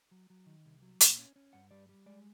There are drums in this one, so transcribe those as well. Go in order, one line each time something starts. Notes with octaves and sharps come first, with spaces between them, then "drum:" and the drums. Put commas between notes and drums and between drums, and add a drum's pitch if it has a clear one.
F#3
F#3
D#3
C2
F#3
A#2, drum: hi-hat
C#4
C#4
G2 F#5
G3 D5
G3
G#3 D5